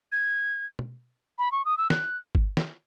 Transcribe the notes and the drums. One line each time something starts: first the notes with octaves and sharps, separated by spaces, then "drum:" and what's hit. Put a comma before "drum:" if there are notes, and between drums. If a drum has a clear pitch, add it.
G#6
drum: tom
B5
C#6
D#6
E6
F#6, drum: snare
drum: kick G1
drum: snare